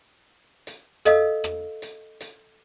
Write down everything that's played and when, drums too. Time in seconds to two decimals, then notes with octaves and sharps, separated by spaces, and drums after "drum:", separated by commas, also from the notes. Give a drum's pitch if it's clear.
0.67 drum: hi-hat
1.05 A4 D#5 F5 E6, drum: rim click
1.44 drum: rim click
1.82 drum: hi-hat
2.21 drum: hi-hat